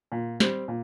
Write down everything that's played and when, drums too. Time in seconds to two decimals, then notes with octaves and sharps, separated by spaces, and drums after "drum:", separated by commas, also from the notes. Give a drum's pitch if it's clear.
0.12 A#2
0.40 G3 C4, drum: snare
0.68 A#2